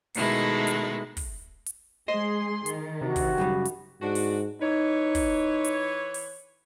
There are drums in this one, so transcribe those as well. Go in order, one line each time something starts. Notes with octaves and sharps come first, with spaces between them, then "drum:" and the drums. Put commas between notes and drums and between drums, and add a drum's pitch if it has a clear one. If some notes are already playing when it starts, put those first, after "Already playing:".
B2 D#3 G#3 A3 E4, drum: open hi-hat
drum: hi-hat
drum: kick, open hi-hat
drum: hi-hat
G#3 G#4 C5 D#5 C6
D#3, drum: hi-hat
C3 F#4
drum: kick, open hi-hat
F#2 C#3 G3
drum: hi-hat
G#2 D4 F#4
drum: open hi-hat
E3 D#4 B4 C#5
drum: kick, open hi-hat
drum: hi-hat
drum: open hi-hat